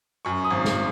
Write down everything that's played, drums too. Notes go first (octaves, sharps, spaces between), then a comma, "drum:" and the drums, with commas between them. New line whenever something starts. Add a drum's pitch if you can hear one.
F#2 C#6
D#6
G#1
drum: snare